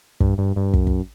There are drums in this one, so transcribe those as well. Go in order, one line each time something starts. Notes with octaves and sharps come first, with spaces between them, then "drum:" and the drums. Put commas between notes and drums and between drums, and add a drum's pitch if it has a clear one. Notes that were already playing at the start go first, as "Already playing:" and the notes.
G2, drum: kick
G2
G2
F#2, drum: kick
drum: kick